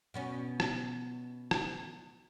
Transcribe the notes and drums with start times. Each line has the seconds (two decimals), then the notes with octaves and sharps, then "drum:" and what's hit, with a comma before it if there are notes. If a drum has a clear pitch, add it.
0.14 B2 B3 C#4
0.60 drum: rim click
1.51 drum: rim click